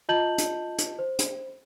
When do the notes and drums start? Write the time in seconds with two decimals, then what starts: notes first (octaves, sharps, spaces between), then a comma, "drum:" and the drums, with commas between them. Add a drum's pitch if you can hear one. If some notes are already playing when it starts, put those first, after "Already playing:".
0.09 F4 D#5 A5 G6 F#7
0.38 drum: hi-hat
0.79 drum: hi-hat
0.99 C5
1.19 drum: hi-hat